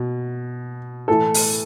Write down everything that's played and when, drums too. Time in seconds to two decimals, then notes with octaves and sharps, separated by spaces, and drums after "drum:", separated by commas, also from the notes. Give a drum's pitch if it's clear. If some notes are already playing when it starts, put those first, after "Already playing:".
Already playing: B2
1.08 A2 E3 A4
1.34 drum: open hi-hat